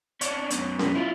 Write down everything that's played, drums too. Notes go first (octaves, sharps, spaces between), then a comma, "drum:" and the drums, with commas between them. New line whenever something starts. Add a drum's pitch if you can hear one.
C#4 D4, drum: hi-hat
F#2 B2, drum: hi-hat
F#2 B2, drum: snare C#4
E4 F4